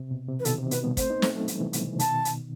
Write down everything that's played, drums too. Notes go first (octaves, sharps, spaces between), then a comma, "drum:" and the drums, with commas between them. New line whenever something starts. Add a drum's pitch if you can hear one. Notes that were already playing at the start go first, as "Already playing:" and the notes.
Already playing: C3
B2
C3
E3 B4
B2 D#3 A4, drum: hi-hat
C3
B2 D#3 B4, drum: hi-hat
G3 B3
A3 C4 C5, drum: kick, hi-hat
B3 D#4
A3 C4, drum: snare
F#3 A3
E3 G3, drum: hi-hat
C3 E3
B2 D#3, drum: hi-hat
C3 E3
B2 D#3 A5, drum: hi-hat
drum: hi-hat